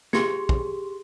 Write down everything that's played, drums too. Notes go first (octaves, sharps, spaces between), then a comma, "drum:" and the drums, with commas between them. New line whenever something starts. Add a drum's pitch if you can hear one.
G4 G#4 C6, drum: snare A#3
drum: kick